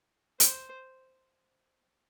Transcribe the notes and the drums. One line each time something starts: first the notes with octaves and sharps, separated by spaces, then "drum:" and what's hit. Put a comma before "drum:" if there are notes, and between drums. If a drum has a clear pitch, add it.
C5, drum: hi-hat